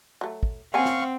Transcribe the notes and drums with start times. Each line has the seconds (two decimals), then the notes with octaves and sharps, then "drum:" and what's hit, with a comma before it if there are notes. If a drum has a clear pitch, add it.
0.21 F#3 A3
0.43 drum: kick
0.74 A#3 C4 C#4 F5 F#5 G#5 C#6
0.85 drum: snare